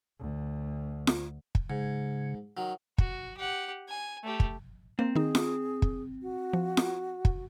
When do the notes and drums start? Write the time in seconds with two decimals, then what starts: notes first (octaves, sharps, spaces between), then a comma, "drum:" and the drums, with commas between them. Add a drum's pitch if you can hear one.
0.20 D2
1.07 drum: snare F4
1.55 drum: kick
1.70 G#2 C#3
2.57 D#3 F#3
2.98 F#4, drum: kick
3.37 G4 F#5
3.89 G#5
4.24 A3 G4
4.40 drum: kick
4.99 A#3 C4
5.16 D#3 D#4 G#4
5.35 drum: snare F4
5.82 drum: kick
6.22 F#4
6.53 F3
6.77 drum: snare F4
7.25 drum: kick